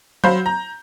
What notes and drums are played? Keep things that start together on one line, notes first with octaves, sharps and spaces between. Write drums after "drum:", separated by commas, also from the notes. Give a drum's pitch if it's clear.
F#3 C5 F5 B5 G6, drum: tom F#3
A#5